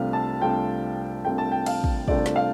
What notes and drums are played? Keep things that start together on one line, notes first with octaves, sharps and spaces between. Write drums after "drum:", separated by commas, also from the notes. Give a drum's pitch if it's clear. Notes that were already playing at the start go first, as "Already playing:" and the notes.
Already playing: C2 C3 A3 D4 F4 F5
A5
C2 C3 A3 D4 F4 G5
C2 C3 A3 D4 F4 G5
A5
G5
F5, drum: cymbal
drum: kick
C2 C3 A3 D4 F4 D5, drum: kick
drum: snare
F5